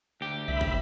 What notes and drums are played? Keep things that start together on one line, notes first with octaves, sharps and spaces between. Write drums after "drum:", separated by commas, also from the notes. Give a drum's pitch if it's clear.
D2 G4
C2 E5 B5
drum: kick